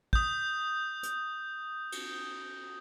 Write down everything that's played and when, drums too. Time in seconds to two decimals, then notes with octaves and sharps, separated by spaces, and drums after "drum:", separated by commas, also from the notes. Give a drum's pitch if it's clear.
0.13 D#6 G6, drum: kick
1.03 drum: hi-hat
1.92 drum: cymbal